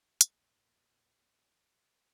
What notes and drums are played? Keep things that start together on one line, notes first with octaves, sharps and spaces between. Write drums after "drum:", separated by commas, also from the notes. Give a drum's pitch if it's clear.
A#1 E2, drum: hi-hat